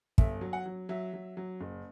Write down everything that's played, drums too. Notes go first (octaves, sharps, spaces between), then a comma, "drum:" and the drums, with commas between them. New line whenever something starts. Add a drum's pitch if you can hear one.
G1 E5, drum: kick
F#3
F#5
F#3
F#3 E5
F#3
F#3
F#1